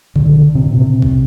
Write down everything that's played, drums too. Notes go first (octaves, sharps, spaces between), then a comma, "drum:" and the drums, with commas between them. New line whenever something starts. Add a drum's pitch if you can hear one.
D3, drum: kick
D3
C3
A#2
C3
drum: kick